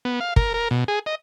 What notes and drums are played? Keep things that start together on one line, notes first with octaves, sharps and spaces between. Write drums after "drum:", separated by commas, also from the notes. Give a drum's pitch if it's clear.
B3
F5
A#4, drum: kick
A#4
B2
G#4
D#5